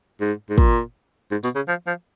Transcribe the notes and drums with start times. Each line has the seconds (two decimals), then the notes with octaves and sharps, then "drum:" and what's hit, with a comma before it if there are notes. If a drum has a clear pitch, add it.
0.21 G#2
0.50 G#2
0.58 A#2, drum: kick
1.31 G#2
1.44 B2, drum: tambourine
1.55 C#3
1.68 F3
1.87 F3